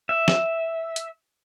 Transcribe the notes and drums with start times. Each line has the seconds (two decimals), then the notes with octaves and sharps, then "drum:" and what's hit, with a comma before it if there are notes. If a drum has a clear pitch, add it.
0.09 E5
0.28 drum: snare
0.96 drum: hi-hat